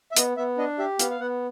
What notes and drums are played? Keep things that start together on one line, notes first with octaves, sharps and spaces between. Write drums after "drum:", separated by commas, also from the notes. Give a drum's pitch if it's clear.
E5
B3 D#5, drum: hi-hat
B3 E5
D4 D#5
G4 E5
B3 F5, drum: hi-hat
F5
B3 F#5